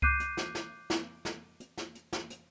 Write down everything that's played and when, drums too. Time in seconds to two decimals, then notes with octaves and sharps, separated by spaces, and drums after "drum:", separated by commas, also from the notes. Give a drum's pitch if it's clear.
0.02 D6 F#6 G6 C7 D#7, drum: kick C#2
0.20 drum: hi-hat
0.37 drum: snare
0.55 drum: snare
0.90 drum: snare
1.25 drum: snare
1.60 drum: hi-hat
1.78 drum: snare
1.95 drum: hi-hat
2.13 drum: snare
2.30 drum: hi-hat